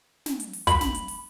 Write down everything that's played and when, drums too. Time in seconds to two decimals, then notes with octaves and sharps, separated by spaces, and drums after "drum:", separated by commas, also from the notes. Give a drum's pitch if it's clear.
0.26 drum: snare
0.40 drum: hi-hat
0.53 drum: open hi-hat
0.67 B5, drum: kick, hi-hat
0.81 drum: snare
0.94 drum: hi-hat
1.08 drum: open hi-hat